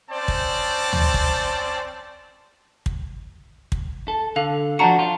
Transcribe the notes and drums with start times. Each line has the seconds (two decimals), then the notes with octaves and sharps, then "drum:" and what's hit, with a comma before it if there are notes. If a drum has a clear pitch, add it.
0.10 C4 C#4 C5 D5 A5
0.28 drum: kick
0.93 drum: tom
1.14 drum: kick
2.86 drum: kick
3.72 drum: kick
4.08 A4
4.36 D3 A4 F5 F7
4.79 F3 D4 F#4 A5 A#5 C#7
4.99 F4